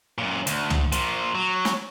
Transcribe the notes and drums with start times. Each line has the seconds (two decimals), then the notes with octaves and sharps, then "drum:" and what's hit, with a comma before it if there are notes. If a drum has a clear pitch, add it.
0.18 F#2 A#2
0.47 D2, drum: hi-hat
0.70 drum: tom
0.92 A#2 F3, drum: hi-hat
1.35 F#3
1.65 drum: snare